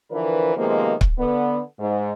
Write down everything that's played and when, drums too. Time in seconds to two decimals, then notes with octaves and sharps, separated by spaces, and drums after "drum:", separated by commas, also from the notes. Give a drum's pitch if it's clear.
0.11 D3 E3 F3 A#4 B4 D5
0.56 C3 D#3 F3 G#3 A#3 B3
1.01 drum: kick C#1
1.18 D3 B3
1.79 G#2